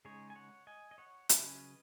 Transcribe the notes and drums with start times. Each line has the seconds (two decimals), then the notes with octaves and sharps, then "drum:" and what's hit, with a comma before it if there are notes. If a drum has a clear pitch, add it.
0.05 C#3 G#3 D#4 G#4 C#5
0.30 G#5
0.36 C#5 F#5
0.67 D#5 G#5
0.91 D#5
0.98 C#5 F#5
1.29 C#3 F#3 C#4 B4 D#5, drum: hi-hat